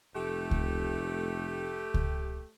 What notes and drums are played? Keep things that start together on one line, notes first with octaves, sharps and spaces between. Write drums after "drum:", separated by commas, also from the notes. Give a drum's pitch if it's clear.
F1 A3 G4
drum: kick C#2
drum: kick C#2